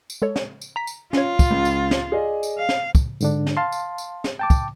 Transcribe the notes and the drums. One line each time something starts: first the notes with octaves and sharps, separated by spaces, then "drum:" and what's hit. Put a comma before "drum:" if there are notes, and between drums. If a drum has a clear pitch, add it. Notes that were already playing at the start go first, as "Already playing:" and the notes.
drum: tambourine
G#3 A4 C#5
drum: snare
drum: tambourine
A#5 B6
drum: tambourine
C#4 F4 C#5, drum: snare
drum: kick, tambourine
C#2
drum: tambourine
drum: snare
G#4 D5 D#5
drum: tambourine
F5
drum: snare
drum: kick, tambourine
G#2 D3 D4, drum: tambourine
drum: snare
F5 A5 C6
drum: tambourine
drum: tambourine
drum: snare
G5 A5 D6
drum: kick, tambourine